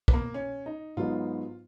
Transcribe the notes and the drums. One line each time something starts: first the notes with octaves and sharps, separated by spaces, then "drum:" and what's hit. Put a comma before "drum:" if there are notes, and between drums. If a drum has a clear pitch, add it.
B3, drum: kick
A#3
C#4
D#4
G#2 F#3 B3 D#4 F4